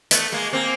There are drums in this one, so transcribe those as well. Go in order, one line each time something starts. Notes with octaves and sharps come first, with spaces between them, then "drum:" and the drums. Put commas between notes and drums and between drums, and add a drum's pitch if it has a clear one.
A3 B3, drum: hi-hat
G#3 A#3
A#3 C4